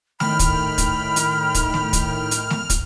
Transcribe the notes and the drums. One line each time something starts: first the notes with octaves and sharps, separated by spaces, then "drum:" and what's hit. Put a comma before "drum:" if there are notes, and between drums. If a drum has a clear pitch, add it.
A2 D#3 G5 B5 F6, drum: snare A3
drum: kick, hi-hat
drum: kick, hi-hat
drum: hi-hat
drum: kick, hi-hat
drum: snare A3
drum: kick, hi-hat
drum: hi-hat
drum: snare A3
drum: kick, hi-hat